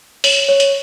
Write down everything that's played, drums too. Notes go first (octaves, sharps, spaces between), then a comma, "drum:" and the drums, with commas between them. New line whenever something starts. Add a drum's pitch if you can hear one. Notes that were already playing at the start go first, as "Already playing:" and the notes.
C#5, drum: open hi-hat
C#5
drum: hi-hat